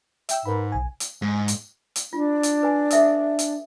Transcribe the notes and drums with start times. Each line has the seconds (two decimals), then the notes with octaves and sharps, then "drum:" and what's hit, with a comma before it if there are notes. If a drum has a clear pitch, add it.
0.29 E5 G5 E6, drum: hi-hat
0.45 G#2 A#4 B4 B5
0.72 B1 G#5
1.00 drum: hi-hat
1.22 G#2
1.48 drum: hi-hat
1.96 drum: hi-hat
2.13 D4 F4
2.43 drum: hi-hat
2.63 B4 G#5
2.91 A4 E5 D#6, drum: hi-hat
3.39 drum: hi-hat